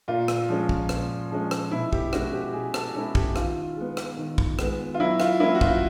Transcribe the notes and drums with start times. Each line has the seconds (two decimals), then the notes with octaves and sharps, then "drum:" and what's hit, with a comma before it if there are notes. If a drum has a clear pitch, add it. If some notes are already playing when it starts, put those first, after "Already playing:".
0.08 A#2 F4
0.28 drum: rim click
0.49 F3 G#3 C#4
0.69 drum: kick
0.89 A#2, drum: rim click
1.31 F3 G#3 C#4
1.51 drum: rim click
1.71 B2 E4
1.93 G4, drum: kick
2.13 G#3 C#4 E4 F#4, drum: rim click
2.33 G4
2.54 B2 G#4
2.74 A4, drum: rim click
2.94 G#3 C#4 E4 A4
3.15 G4, drum: kick
3.36 D#3 F4, drum: rim click
3.77 G#3 B3
3.97 drum: rim click
4.18 D#3
4.38 drum: kick
4.59 G#3 B3, drum: rim click
4.94 F4
5.00 F#3 E4
5.20 F4, drum: rim click
5.40 A#3 C#4 E4
5.55 F#4
5.61 F4, drum: kick